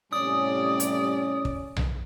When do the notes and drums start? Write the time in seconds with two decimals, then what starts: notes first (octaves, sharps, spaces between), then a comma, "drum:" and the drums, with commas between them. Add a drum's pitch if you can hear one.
0.13 A2 C3 G3 C#4 D5 D#6
0.80 drum: hi-hat
1.45 drum: kick
1.76 drum: tom B1